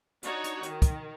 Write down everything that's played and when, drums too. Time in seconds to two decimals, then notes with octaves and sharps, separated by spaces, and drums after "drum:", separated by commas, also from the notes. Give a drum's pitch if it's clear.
0.23 D4 D#4 F#4 C#5, drum: hi-hat
0.44 drum: hi-hat
0.63 D#3, drum: hi-hat
0.82 drum: kick, hi-hat